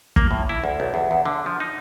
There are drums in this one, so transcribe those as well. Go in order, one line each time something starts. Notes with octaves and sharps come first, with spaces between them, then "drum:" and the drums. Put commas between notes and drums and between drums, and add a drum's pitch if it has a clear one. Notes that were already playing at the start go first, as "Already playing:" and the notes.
A#3, drum: kick
A2
E4
D2
B1
E2
E2
D3
F3
D#4